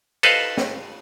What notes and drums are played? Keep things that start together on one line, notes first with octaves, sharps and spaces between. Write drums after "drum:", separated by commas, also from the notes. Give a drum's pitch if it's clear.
A4 B4 C5 D#5 F5, drum: cymbal
drum: snare